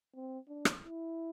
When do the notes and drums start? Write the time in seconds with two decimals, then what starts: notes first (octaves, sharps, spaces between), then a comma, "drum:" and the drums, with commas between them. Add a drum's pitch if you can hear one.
0.16 C4
0.49 D4
0.65 drum: rim click
0.82 E4